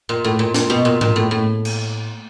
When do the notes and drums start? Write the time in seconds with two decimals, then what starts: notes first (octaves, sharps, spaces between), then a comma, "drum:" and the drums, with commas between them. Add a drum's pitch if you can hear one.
0.09 A#2
0.24 A2
0.39 A#2
0.54 A#2, drum: snare
0.70 B2
0.85 A#2
1.01 A#2, drum: tom G#2
1.16 A2
1.31 A2
1.65 drum: cymbal